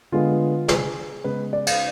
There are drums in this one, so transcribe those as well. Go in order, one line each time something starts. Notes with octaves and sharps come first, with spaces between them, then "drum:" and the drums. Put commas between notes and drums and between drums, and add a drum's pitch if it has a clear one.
D3 G#3 B3 F4
G#4, drum: snare
C#3 G#3 B3 B4
D5
F5, drum: cymbal